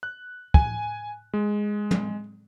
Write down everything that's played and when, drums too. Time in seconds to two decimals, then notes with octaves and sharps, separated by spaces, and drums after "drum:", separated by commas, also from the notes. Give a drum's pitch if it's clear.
0.03 F#6
0.54 G#5, drum: kick
1.34 G#3
1.91 drum: tom